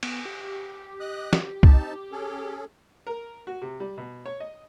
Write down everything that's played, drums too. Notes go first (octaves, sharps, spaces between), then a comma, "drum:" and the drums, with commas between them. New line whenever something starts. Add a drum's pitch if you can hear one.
B3, drum: cymbal
G4
D#5 D#6 F#6
drum: snare
C4 D#4 A5, drum: kick C2
C#4 G#4 A4
A#4
F#4
C3
G3
B2
C#5
D#5